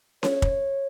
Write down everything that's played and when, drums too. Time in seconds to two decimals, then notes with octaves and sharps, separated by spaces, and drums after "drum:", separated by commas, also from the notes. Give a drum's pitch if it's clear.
0.23 C#5, drum: snare C#4
0.42 drum: kick